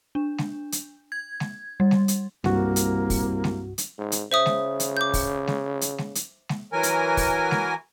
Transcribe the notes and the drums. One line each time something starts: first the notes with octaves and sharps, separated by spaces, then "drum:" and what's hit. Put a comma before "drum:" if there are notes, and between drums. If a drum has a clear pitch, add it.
D4
drum: snare G#3
drum: hi-hat
G#6
drum: snare G#3
G3
drum: snare G#3
drum: hi-hat
C2 G2 A#3 F#4, drum: snare G#3
drum: hi-hat
drum: kick, open hi-hat
drum: snare G#3
drum: hi-hat
G#2
drum: hi-hat
C#3 C5 E5 D#6
drum: snare G#3
drum: hi-hat
D6 G6
drum: kick, open hi-hat
drum: snare G#3
drum: hi-hat
drum: snare G#3
drum: hi-hat
drum: snare G#3
E3 F#3 A#4 G#5
drum: hi-hat
drum: kick, open hi-hat
drum: snare G#3